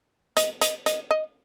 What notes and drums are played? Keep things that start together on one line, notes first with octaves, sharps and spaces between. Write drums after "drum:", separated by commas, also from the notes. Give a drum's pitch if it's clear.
D#5, drum: hi-hat
D#5, drum: hi-hat
D#5, drum: hi-hat
D#5